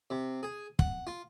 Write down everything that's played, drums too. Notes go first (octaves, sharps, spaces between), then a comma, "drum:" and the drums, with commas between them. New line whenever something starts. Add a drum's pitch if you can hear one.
C3
G#4
F#5, drum: kick
F4